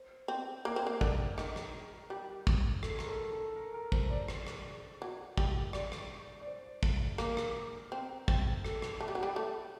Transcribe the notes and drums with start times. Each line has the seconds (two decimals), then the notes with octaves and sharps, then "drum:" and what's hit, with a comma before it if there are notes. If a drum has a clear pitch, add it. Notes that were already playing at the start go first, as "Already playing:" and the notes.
Already playing: C5
0.28 C4
0.65 A#3 A#4
0.76 C4
0.87 A#3
1.01 D3, drum: kick
1.38 D#3, drum: rim click
1.56 drum: rim click
2.10 G3
2.47 drum: kick
2.83 A4, drum: rim click
2.99 A#4, drum: rim click
3.08 A4
3.32 A4
3.56 A#4
3.74 A#4
3.92 C5, drum: kick
4.10 D5
4.28 drum: rim click
4.47 drum: rim click
5.02 F#3
5.37 G3, drum: kick
5.73 D5, drum: rim click
5.92 drum: rim click
6.41 D5
6.47 C5
6.83 drum: kick
7.18 A#3 A#4, drum: rim click
7.37 drum: rim click
7.92 C4
8.28 C4, drum: kick
8.65 A4, drum: rim click
8.82 drum: rim click
9.00 A3
9.08 G3
9.15 F#3
9.23 G3
9.36 A3